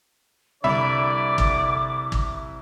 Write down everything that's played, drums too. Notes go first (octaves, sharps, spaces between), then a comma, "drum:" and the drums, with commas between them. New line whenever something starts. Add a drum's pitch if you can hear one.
C2 D3 E4 D5 E5 B5 D6
drum: kick
drum: kick